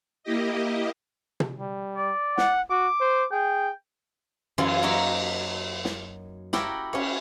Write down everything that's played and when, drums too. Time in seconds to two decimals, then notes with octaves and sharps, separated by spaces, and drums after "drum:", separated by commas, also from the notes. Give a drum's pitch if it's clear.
0.23 A#3 E4 G4 D#5
1.40 drum: tom
1.59 G3
1.96 D5
2.38 F#5, drum: snare
2.70 F#4 D6
3.00 C5
3.31 G#4 G5
4.58 F#2 E3 F4 E5 G#5, drum: cymbal
4.83 F#3 A#3 D#4 A#4 C#5 E5
5.85 drum: snare
6.53 E4 F#4 G4 A4 A#4 G5, drum: snare
6.93 C#4 C#5, drum: cymbal